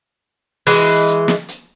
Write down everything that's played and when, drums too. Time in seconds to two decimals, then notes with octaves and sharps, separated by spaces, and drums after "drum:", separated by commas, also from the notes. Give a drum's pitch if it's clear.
0.67 E3 G#3, drum: open hi-hat
1.08 drum: hi-hat
1.28 drum: snare
1.48 drum: hi-hat